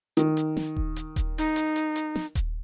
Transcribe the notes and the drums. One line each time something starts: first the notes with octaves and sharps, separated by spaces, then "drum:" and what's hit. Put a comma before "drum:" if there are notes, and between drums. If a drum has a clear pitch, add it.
D#3, drum: hi-hat
drum: hi-hat
drum: snare
drum: kick D#1
drum: hi-hat
drum: kick D#1, hi-hat
D#4, drum: hi-hat
drum: hi-hat
drum: hi-hat
drum: hi-hat
drum: snare
drum: kick D#1, hi-hat